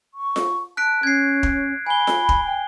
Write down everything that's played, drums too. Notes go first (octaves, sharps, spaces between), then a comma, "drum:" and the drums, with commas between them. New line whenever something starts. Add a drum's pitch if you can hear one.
C#6
drum: snare F4
A5 F#6 B6 D7
C#4 G#6 C7
drum: kick
G#5 B5 G7
drum: snare F4
drum: kick
G5